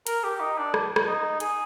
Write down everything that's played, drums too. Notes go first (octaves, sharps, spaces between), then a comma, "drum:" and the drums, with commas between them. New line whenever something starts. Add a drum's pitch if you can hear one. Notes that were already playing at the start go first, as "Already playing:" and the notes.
A#4, drum: hi-hat
G4
D#4
D4
drum: rim click
drum: rim click
D#4
G#4, drum: hi-hat